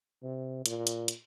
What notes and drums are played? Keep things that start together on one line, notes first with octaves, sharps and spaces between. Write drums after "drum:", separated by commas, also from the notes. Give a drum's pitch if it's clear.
C3
A#2, drum: hi-hat
drum: hi-hat
drum: hi-hat